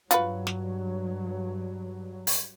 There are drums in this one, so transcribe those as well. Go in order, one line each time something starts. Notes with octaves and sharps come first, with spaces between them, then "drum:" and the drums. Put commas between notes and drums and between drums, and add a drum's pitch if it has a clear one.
G2 F#3 F4 F#4 B4, drum: hi-hat
drum: snare
drum: open hi-hat